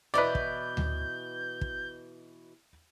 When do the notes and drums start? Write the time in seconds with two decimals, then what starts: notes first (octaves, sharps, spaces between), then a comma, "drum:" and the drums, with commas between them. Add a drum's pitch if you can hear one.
0.14 B2 E3 B4 D5 D#5 G6
0.35 drum: kick
0.77 drum: tom D2
1.61 drum: kick